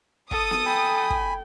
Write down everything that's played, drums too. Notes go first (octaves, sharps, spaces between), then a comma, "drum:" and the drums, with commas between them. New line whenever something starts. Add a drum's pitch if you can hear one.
A4 D#6, drum: kick
drum: snare B3
G5 G#5 B5
drum: kick